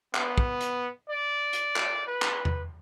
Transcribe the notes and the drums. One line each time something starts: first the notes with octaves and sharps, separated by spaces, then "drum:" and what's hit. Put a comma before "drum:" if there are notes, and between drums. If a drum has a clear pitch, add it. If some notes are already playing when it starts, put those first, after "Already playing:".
B3, drum: clap
drum: kick
drum: hi-hat
D5
drum: hi-hat
drum: clap
B4
drum: clap
drum: tom E2